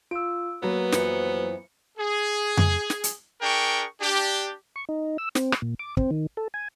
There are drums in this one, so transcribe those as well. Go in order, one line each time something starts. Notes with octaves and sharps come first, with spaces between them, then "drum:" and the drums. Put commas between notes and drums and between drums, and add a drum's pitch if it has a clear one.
F4 E6 D7
F#3 A#3 B3 B4
F#2 E3 F3 C#7, drum: snare
G#4
drum: tom F2
drum: snare
drum: hi-hat
D4 G#4 A#4 G5 C#6
D4 G4
C#6
D#4
E6
C4, drum: snare
drum: rim click
A#2
D6
C4, drum: kick
D#3
A4
G#5